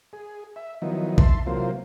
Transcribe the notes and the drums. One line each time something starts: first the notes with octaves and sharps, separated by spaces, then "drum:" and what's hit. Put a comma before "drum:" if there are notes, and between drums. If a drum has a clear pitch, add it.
G#4
E5
D#3 F3 F#3 B3 D#4 E4
E5 A5 C6, drum: kick A#1
C3 E3 F#3 A#3 F4 C5